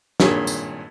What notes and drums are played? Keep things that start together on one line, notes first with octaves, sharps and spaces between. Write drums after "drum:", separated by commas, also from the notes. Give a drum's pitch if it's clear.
G#1 G2 A#2 G#4 C#5, drum: snare
drum: tambourine